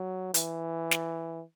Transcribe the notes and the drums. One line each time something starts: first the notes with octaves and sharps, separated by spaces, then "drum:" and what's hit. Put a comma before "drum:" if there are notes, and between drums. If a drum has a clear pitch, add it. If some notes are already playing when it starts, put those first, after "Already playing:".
Already playing: F#3
E3, drum: hi-hat
drum: snare